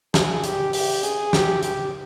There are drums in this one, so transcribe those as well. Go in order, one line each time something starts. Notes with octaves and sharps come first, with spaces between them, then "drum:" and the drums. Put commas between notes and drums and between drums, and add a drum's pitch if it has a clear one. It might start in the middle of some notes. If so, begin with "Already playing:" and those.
G#4, drum: snare
G4, drum: hi-hat
G4, drum: open hi-hat
G#4, drum: hi-hat
G4, drum: snare
G4, drum: hi-hat